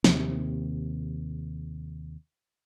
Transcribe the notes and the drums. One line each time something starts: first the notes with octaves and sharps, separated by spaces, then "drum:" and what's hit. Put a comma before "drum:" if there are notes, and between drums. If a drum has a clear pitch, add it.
D#2 C3, drum: snare